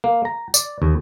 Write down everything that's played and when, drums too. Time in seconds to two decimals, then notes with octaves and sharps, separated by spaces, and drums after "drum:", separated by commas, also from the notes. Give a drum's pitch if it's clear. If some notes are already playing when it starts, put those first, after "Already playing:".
0.04 A#3
0.25 A#5
0.54 D5, drum: tambourine
0.82 D#2